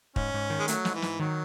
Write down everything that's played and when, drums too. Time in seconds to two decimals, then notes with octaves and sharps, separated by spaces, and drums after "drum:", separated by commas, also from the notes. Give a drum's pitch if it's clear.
0.16 G#2 C#4, drum: kick
0.34 G#2
0.50 D#3
0.59 G#3
0.68 F#3 A3, drum: hi-hat
0.85 G#2, drum: snare
0.94 E3
1.02 G#2, drum: snare
1.20 D#3 F#3